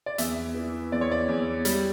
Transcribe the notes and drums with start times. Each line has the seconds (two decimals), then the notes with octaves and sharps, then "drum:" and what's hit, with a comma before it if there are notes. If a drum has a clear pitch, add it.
0.06 D5
0.18 E2 E5, drum: hi-hat
0.55 E3
0.92 E2 D5
1.01 C#5
1.12 D5
1.28 E2
1.65 G3, drum: hi-hat